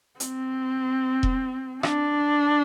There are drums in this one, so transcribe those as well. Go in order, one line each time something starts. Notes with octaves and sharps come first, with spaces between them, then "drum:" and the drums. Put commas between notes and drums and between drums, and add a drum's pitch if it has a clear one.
C4, drum: hi-hat
drum: kick E1
D4, drum: rim click